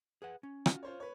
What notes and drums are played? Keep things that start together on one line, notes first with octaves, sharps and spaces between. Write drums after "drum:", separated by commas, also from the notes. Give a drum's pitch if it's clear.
G#4 B4 F#5
C#4
F4 F#4, drum: rim click
F4 C5 C#5
B4 C#5